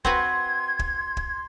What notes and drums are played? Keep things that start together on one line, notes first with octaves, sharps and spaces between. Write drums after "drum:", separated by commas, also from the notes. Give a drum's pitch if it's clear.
C4 F#4 B4 C6 G#6, drum: kick
drum: kick
drum: kick